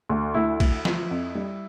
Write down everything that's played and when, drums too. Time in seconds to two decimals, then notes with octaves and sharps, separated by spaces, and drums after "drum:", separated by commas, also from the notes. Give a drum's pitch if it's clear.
0.09 D2
0.34 D2 E4
0.60 D2, drum: kick A#1, cymbal
0.85 F3, drum: snare
1.11 F2
1.35 G3